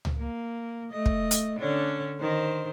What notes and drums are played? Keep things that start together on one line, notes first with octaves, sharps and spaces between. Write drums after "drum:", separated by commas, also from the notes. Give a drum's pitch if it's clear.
drum: tom C#2
A#3
A3 D#5
drum: kick
drum: hi-hat
D3 C#4 D4
D#3 C5